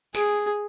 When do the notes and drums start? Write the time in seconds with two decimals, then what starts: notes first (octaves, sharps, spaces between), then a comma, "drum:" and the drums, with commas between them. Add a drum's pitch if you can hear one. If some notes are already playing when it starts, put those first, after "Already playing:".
0.15 G#4, drum: tambourine